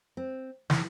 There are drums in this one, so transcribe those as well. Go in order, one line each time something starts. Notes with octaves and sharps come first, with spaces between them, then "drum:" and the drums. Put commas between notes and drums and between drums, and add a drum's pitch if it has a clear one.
C4
E3, drum: snare